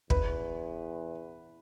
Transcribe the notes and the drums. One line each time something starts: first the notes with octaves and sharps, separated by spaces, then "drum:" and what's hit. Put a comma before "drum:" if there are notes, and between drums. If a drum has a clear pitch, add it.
E2 B4, drum: kick